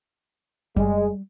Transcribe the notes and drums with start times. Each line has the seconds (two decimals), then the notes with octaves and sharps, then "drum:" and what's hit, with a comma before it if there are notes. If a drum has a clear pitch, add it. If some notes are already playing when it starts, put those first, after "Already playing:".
0.76 G3 G#3, drum: kick F#2